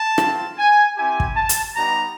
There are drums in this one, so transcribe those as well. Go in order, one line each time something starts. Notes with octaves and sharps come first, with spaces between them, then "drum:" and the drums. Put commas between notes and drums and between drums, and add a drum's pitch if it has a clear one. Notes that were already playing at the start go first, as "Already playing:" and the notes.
Already playing: A5
C4 F4, drum: rim click
G#5
C4 E4 G4 G#5
drum: kick
A5
drum: hi-hat
G3 B3 D#4 G4 A#5